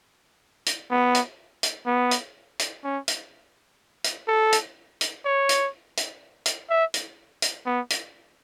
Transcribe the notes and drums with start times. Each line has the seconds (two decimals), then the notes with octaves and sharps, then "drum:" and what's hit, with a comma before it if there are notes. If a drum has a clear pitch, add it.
0.66 drum: hi-hat
0.91 B3
1.15 drum: hi-hat
1.63 drum: hi-hat
1.87 B3
2.11 drum: hi-hat
2.59 drum: hi-hat
2.84 C#4
3.08 drum: hi-hat
4.04 drum: hi-hat
4.28 A4
4.52 drum: hi-hat
5.01 drum: hi-hat
5.25 C#5
5.49 drum: hi-hat
5.97 drum: hi-hat
6.46 drum: hi-hat
6.70 E5
6.94 drum: hi-hat
7.42 drum: hi-hat
7.66 B3
7.90 drum: hi-hat